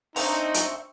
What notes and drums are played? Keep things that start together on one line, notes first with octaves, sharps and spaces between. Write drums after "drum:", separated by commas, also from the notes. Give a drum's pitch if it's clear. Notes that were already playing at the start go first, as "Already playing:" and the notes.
C4 D4 D#4 D#5 E5 A#5 C#6, drum: open hi-hat
drum: hi-hat